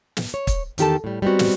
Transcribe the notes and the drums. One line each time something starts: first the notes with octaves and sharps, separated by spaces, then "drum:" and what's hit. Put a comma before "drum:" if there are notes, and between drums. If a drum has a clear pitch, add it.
drum: snare
C#5
drum: kick, hi-hat
E2 D#3 G4 A4 A5, drum: hi-hat
A2 G3
G3 G#3 B3 C4 F#4
drum: snare